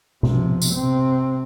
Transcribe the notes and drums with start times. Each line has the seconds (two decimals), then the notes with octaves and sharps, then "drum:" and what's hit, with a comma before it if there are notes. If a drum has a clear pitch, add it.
0.23 C3 F3, drum: tom B2
0.62 drum: tambourine
0.75 C3 C4